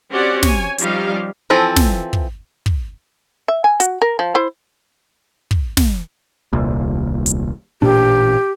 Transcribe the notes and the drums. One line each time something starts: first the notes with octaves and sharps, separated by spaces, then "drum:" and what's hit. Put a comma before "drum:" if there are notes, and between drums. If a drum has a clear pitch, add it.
C4 C#4 F#4 G4 D5 F#5
C#5 G#5, drum: snare
F3 G3 C#4 D#4 G4 F5, drum: hi-hat
E3 F3 C4 A4 A#5
drum: snare
drum: kick
drum: kick
E5
G#5
F#4, drum: hi-hat
A#4
F3
E4 C5
drum: kick
drum: snare
D#1 C2 A#2
drum: hi-hat
A1 A#2 D4 G4